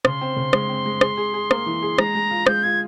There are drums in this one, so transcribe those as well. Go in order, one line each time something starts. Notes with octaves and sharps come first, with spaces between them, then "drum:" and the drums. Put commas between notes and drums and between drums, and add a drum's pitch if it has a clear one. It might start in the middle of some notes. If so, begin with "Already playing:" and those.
C#3 C6, drum: rim click
C4
C#3
G#3, drum: rim click
C4
G#3
G#4, drum: rim click
G#4
G#4
A#3, drum: rim click
E3
G#4
G#3 A#5, drum: rim click
G#3
F4
G#3 G6, drum: rim click
F4 G#6